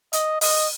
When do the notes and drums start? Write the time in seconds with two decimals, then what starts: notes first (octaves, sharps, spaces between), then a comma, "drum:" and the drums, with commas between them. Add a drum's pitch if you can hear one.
0.13 D#5, drum: hi-hat
0.41 D#5, drum: open hi-hat